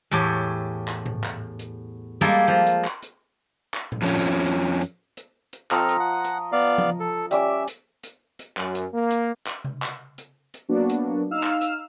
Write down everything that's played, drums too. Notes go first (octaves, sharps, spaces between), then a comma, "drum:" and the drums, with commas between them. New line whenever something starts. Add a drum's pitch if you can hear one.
E2 A2 G4 A4 C#5
drum: clap
drum: tom G#2
drum: clap
drum: hi-hat
G3 G#3 A#3 G#4 A4
F3
drum: hi-hat
drum: clap
drum: hi-hat
drum: clap
drum: tom A2
F2 F3 C#4
drum: hi-hat
drum: hi-hat
drum: hi-hat
drum: hi-hat
F3 C4 A4 D#5 A#5 F6, drum: clap
drum: hi-hat
F#5
drum: hi-hat
B3 D5 F5
drum: tom F3
A4
G3 C#4 E5 D6, drum: hi-hat
drum: hi-hat
drum: hi-hat
drum: hi-hat
F#2, drum: clap
drum: hi-hat
A#3
drum: hi-hat
drum: clap
drum: tom C3
drum: clap
drum: hi-hat
drum: hi-hat
F#3 A#3 B3 D4 F#4
drum: hi-hat
D#4 F5 E6 F6
drum: clap
drum: hi-hat